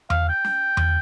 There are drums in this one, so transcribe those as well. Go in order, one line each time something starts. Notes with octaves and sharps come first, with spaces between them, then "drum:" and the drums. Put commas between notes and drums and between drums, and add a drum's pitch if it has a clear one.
F5, drum: tom E2
G5
drum: snare
drum: tom E2